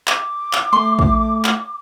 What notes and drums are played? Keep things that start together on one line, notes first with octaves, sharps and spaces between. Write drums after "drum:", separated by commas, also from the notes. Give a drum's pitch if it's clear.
D6, drum: clap
drum: clap
A3 C6
drum: kick A#1
drum: clap